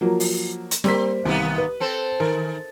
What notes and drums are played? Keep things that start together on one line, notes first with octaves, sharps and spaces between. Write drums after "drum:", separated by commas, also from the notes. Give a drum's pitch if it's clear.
F3 F#3 A#3
drum: open hi-hat
drum: hi-hat
G3 A#3 C4 B6, drum: snare
C2 D#3 A#3 B3
B4
C4 A4 C5
D#3 A#4